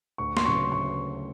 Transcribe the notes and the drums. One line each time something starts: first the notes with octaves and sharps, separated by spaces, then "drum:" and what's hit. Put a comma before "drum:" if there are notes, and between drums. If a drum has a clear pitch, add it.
D2 C#6
C6, drum: snare
C#3 F#3 C#6
D2 C#6